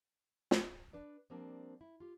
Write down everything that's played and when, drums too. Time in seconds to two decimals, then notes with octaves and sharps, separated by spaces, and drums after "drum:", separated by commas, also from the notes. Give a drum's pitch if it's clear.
0.51 drum: snare
0.93 D4 B4 D5
1.30 F3 G3 A#3 C4 D4
1.81 E4
2.00 F4 G4